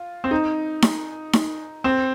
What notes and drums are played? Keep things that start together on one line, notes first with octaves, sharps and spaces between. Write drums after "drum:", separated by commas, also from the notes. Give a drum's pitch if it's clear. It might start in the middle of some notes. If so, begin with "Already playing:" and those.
Already playing: F4
C4
D#4
drum: snare D#4
drum: snare D#4
C4